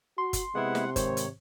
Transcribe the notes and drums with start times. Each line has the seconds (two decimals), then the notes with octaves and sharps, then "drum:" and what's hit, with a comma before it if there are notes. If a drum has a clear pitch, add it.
0.18 F#4 C6
0.33 drum: kick F#1, hi-hat
0.55 C3 G#3 B3 E4 F#5
0.75 drum: snare
0.96 G#2 D#3 C5 C#5, drum: kick F#1, hi-hat
1.17 drum: hi-hat